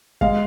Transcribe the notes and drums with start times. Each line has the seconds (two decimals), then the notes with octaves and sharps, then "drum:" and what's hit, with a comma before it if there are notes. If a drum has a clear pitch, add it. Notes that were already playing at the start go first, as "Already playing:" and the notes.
0.21 G#3 F5, drum: kick